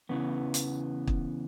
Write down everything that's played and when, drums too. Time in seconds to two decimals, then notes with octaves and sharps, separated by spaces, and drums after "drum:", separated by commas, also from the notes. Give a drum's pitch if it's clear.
0.09 E2 C#3 E3 B3
0.54 drum: hi-hat
1.07 drum: kick